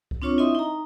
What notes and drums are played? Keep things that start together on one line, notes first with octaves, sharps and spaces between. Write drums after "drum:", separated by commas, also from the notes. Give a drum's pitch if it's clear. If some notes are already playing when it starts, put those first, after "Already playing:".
drum: kick C2
C4 D4 F4 C#5 C#6
E4 D#5 E5 C6 D#6
D#4 A#5